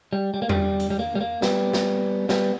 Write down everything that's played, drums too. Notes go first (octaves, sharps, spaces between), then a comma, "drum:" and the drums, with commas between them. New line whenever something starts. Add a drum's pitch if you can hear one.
G3
G3
A#3
G3, drum: tom E2
drum: hi-hat
G3
A#3
G3
A#3
G3 B3, drum: snare
drum: snare
G3 B3, drum: snare